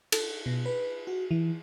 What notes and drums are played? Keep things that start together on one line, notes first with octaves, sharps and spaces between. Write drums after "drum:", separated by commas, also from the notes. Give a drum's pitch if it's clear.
A4, drum: cymbal
B2
B4
F#4
E3